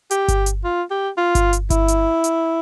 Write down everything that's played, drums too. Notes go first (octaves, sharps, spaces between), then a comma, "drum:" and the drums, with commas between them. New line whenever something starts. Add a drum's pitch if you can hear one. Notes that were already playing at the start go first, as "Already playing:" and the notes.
G4, drum: hi-hat
drum: kick G1, hi-hat
drum: hi-hat
F4
G4
F4
drum: kick G1, hi-hat
drum: hi-hat
E4, drum: kick G1, hi-hat
drum: hi-hat
drum: hi-hat